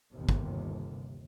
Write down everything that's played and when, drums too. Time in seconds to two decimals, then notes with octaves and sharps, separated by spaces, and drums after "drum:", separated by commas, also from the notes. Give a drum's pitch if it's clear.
0.15 G1 D#2 C3
0.29 drum: kick